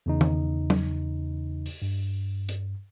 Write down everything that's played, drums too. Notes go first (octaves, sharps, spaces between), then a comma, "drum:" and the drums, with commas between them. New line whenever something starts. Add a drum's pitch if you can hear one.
E2 C#3 D#4
drum: tom
drum: tom
drum: open hi-hat
G2
drum: hi-hat